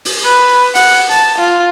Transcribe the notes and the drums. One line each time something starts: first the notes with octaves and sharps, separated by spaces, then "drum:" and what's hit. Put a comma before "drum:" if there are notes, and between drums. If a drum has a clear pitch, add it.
drum: open hi-hat
B4
F#5, drum: open hi-hat
A5, drum: hi-hat
F4